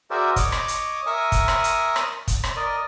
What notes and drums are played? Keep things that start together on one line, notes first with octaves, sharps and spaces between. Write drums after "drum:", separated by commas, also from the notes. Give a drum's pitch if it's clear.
F#4 G#4 A#4 C5 D5 E5
C#5 D#5 D6, drum: kick, hi-hat
drum: rim click
drum: hi-hat
A#4 E5 G#5 C#6 D#6
drum: kick, hi-hat
drum: rim click
drum: hi-hat
drum: rim click
drum: kick, hi-hat
drum: rim click
A#4 D5 D#5